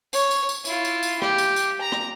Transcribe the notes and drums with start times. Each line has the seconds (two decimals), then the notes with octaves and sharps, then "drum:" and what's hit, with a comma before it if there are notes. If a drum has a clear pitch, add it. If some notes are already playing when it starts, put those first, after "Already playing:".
0.13 C#5, drum: tambourine
0.31 drum: tambourine
0.49 drum: tambourine
0.65 E4 F4, drum: tambourine
0.85 drum: tambourine
1.03 drum: tambourine
1.22 G4, drum: rim click
1.38 drum: tambourine
1.56 drum: tambourine
1.81 A#5
1.92 drum: rim click